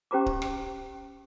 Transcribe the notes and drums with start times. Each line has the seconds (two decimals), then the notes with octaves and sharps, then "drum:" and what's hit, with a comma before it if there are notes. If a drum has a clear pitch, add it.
0.11 C#4 G4 C5 A#5 D6
0.26 drum: kick D1
0.42 drum: rim click